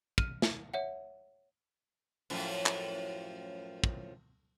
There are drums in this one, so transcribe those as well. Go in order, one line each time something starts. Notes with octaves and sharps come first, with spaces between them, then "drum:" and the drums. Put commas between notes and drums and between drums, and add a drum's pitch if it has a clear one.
F6 D#7, drum: kick
drum: snare
C#5 E5 F#5
F#2 A2 F3, drum: open hi-hat
drum: clap
drum: kick